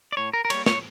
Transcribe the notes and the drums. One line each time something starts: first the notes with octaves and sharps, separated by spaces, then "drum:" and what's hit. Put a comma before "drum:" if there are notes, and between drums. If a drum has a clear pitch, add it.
D5
A2 C#5
A#4
A#4
G3 A#3 C#5, drum: cymbal
C#5, drum: snare